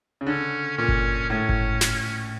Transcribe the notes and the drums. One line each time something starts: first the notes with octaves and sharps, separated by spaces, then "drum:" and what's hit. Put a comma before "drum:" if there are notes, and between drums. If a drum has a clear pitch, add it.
C#3
D3 C#4
A#2 C#4
drum: kick G1
A2 C#4
drum: kick G1
drum: snare